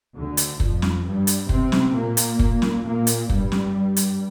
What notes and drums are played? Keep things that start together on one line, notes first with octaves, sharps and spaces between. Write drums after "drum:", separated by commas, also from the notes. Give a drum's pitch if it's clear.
D2 D3
drum: hi-hat
F2 F3, drum: kick
drum: snare
G2 G3
drum: hi-hat
C3 C4, drum: kick
drum: snare
A#2 A#3
drum: hi-hat
drum: kick
drum: snare
A#2 A#3
drum: hi-hat
G2 G3, drum: kick
drum: snare
drum: hi-hat